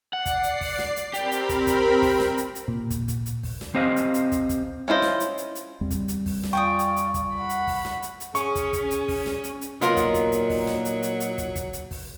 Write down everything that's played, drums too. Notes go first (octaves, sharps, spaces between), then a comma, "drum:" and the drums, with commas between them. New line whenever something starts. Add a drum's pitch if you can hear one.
D5 F#5 C7
drum: kick, hi-hat
drum: hi-hat
drum: kick, open hi-hat
drum: snare
drum: hi-hat
C4 G4 A#4 B5, drum: hi-hat
drum: hi-hat
drum: kick, hi-hat
drum: kick, hi-hat
drum: kick, open hi-hat
drum: snare
drum: hi-hat
drum: hi-hat
A#2
drum: kick, hi-hat
drum: kick, hi-hat
drum: hi-hat
drum: kick, open hi-hat
drum: snare
C4 G4 C5 D#5 F5
drum: hi-hat
drum: hi-hat
drum: kick, hi-hat
drum: kick, hi-hat
C#4 E4 F4 C5 D#5
drum: snare
drum: hi-hat
drum: hi-hat
drum: hi-hat
E2 G3 C4
drum: kick, hi-hat
drum: hi-hat
drum: kick, open hi-hat
drum: snare
F4 D5 G5 G#5 C#6 D#6
drum: hi-hat
drum: hi-hat
drum: kick, hi-hat
F#5 B5
drum: hi-hat
drum: kick, open hi-hat
drum: snare
drum: hi-hat
drum: hi-hat
C#4 G#4 C#6, drum: hi-hat
drum: kick, hi-hat
drum: kick, hi-hat
drum: hi-hat
drum: kick, open hi-hat
drum: snare
drum: hi-hat
drum: hi-hat
A#2 F#3 B3 D#4 F4 A#4, drum: hi-hat
drum: kick, hi-hat
drum: kick, hi-hat
drum: hi-hat
drum: kick, open hi-hat
drum: snare
drum: hi-hat
drum: hi-hat
drum: hi-hat
drum: kick, hi-hat
drum: kick, hi-hat
drum: hi-hat
drum: kick, open hi-hat